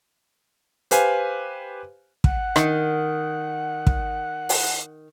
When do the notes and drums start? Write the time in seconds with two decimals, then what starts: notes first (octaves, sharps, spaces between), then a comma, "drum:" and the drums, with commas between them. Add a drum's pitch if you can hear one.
0.91 G4 B4 C5 F5 G#5, drum: hi-hat
2.24 F#5, drum: kick
2.56 D#3, drum: rim click
3.87 drum: kick
4.49 drum: open hi-hat